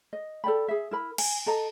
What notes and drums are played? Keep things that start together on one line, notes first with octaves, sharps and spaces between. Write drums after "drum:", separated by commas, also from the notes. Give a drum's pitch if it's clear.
D#5
A4 D5 G5 B5
G#4 E5
E4 A#4 B5
G#5, drum: cymbal
A4 D#5 A#5